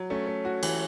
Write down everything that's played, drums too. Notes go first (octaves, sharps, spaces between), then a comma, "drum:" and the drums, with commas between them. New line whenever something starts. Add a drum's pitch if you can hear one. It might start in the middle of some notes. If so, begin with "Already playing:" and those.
Already playing: F#3
A3 C#4
A3
F#4
E3, drum: cymbal